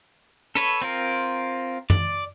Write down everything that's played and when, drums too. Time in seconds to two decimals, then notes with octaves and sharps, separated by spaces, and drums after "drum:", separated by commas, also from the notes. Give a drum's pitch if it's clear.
0.55 A4 B4 C#5, drum: hi-hat
0.82 C4 F4 A#4
1.90 D5, drum: tom